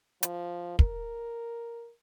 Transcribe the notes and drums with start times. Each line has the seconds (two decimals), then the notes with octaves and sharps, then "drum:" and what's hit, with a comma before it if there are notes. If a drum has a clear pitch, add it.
0.23 F3, drum: hi-hat
0.79 A#4, drum: kick